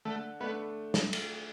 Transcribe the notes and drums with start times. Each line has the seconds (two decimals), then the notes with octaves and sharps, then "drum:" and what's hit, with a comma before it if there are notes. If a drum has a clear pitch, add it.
0.05 D3 A3
0.40 A3 B3 D4 A4
0.94 drum: snare
1.13 drum: cymbal